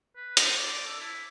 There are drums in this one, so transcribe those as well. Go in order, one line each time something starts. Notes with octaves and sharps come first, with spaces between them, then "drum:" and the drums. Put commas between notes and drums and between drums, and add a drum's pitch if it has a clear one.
B4
C5, drum: hi-hat
D5
D5
A4
E4